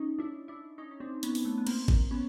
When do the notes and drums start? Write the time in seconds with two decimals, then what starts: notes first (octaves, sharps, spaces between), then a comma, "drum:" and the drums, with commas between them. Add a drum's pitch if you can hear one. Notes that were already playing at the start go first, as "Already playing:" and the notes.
Already playing: C#4 D#4
0.19 D4 E4
0.48 D4 E4
0.78 C#4 D#4
0.91 C#4
1.00 C4 D4
1.23 B3 C#4, drum: hi-hat
1.35 drum: open hi-hat
1.45 A3 B3
1.58 B3
1.67 A#3 C4, drum: cymbal
1.88 drum: kick G#1
2.11 B3 C#4